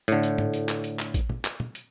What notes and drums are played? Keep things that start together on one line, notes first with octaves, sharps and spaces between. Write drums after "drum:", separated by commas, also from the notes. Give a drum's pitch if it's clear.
A2 D3, drum: hi-hat
drum: hi-hat
drum: tom
drum: hi-hat
drum: clap
drum: hi-hat
drum: clap
drum: kick A1, hi-hat
drum: tom
drum: clap
drum: tom
drum: hi-hat